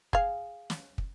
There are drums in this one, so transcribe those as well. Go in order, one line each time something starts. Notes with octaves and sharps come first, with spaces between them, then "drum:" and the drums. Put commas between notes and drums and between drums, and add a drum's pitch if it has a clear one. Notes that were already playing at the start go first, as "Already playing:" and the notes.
G#4 F5, drum: kick
drum: snare
drum: kick